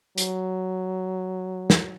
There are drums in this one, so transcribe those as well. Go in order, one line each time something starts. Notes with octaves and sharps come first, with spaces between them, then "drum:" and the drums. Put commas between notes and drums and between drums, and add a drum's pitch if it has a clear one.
F#3, drum: hi-hat
drum: snare